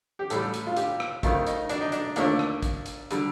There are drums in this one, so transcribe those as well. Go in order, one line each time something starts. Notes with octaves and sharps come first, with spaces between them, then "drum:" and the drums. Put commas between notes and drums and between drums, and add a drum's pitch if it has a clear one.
G4
A1 A2 G3 A4, drum: hi-hat
drum: hi-hat
F4
G4, drum: hi-hat
drum: rim click
F2 D#3 A3 F4, drum: kick A1, hi-hat
D#4, drum: hi-hat
D4, drum: hi-hat
D#4
D4, drum: hi-hat
D#2 D3 F3 A3 D4, drum: hi-hat
drum: rim click
drum: kick A1, hi-hat
drum: hi-hat
D3 G3, drum: hi-hat